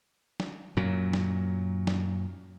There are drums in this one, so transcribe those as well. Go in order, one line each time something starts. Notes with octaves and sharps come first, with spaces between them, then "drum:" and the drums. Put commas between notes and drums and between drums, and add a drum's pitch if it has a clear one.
drum: snare
F#2 A#2 F#3
drum: snare
drum: snare